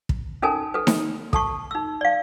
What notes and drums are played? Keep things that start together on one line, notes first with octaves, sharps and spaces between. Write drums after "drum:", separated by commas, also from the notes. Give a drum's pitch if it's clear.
drum: kick
C#4 D#4 A4 A#4 G#5
A4 B4
drum: snare D#4
A4 A5 C#6, drum: kick
D#4 E6
D5 F5